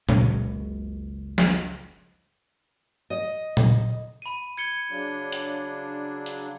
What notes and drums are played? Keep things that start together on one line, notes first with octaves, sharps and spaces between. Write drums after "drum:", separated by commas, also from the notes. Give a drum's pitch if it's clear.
F#1 C#2 B2 C#4, drum: tom A#2
drum: snare
D#5
drum: tom A#2
B5 D#7
G#6 C#7 G7
C#3 F#3 D4
drum: hi-hat
drum: hi-hat